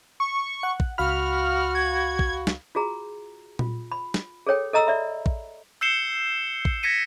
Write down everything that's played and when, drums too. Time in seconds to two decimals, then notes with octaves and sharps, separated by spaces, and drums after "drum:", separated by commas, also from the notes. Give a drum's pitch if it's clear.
0.20 C#6
0.63 F#5
0.80 drum: kick
0.98 C#2 F#4 F5 B5 F6
1.75 G#6
2.19 drum: kick
2.47 drum: snare
2.75 F4 F#4 G#4 A#5
3.59 F4, drum: tom A#2
3.92 B5
4.14 drum: snare
4.47 G#4 A4 C#5 G5
4.73 A4 D#5 A#5 E6
4.87 D5 E5 B5
5.26 drum: kick
5.81 E6 G6 C7 C#7 E7 G7
6.65 drum: kick
6.83 G#6 A#6 B6 C#7 D#7